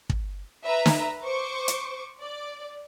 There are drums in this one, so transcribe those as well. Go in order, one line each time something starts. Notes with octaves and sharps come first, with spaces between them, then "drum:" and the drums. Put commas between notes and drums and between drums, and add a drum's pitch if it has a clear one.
drum: kick
B4 E5 A#5
drum: snare
C5 C#6 D6
drum: hi-hat
D5